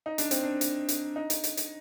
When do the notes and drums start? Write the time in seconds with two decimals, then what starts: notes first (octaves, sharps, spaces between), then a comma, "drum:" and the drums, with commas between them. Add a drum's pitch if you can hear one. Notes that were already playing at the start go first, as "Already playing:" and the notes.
0.06 D#4
0.18 D4, drum: hi-hat
0.31 C4, drum: hi-hat
0.43 D4
0.61 drum: hi-hat
0.89 drum: hi-hat
1.16 D#4
1.30 drum: hi-hat
1.44 drum: hi-hat
1.57 drum: hi-hat